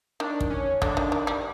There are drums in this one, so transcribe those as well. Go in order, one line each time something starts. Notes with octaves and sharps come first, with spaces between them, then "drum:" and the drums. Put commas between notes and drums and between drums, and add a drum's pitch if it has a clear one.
D#3 D4
drum: kick
C#4
D3 D4, drum: kick
D#3
D#3
G3